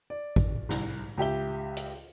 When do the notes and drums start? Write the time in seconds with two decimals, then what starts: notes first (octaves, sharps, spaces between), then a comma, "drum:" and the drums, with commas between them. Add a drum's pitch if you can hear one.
0.10 D5
0.36 drum: kick G#1
0.69 C2, drum: snare
1.18 C#2 G4 E5 G7
1.77 drum: hi-hat